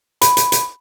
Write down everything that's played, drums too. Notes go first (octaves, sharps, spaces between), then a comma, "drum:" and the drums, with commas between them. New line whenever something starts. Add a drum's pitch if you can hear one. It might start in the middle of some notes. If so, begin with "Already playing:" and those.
B5, drum: hi-hat
drum: hi-hat
drum: hi-hat